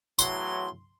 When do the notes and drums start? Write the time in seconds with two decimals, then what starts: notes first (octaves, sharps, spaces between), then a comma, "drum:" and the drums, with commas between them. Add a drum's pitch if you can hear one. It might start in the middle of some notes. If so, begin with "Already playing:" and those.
0.19 E2 A2 F#3 C6, drum: tambourine